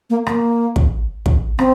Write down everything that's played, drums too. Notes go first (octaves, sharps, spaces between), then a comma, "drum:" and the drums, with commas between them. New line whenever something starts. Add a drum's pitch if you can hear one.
A#3
A#3, drum: rim click
drum: kick
drum: kick
C4, drum: rim click